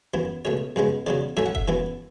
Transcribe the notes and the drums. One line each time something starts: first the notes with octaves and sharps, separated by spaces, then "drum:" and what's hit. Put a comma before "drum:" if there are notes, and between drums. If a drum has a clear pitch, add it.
F#2 E3 B3
C#2 B2 A3 C#5
F#2 C#3 G#3 B3
E2 C#3 F#3 D5
A2 F#3 A3 C#4 E5
F#5
E5, drum: kick F1
F#2 E3 B3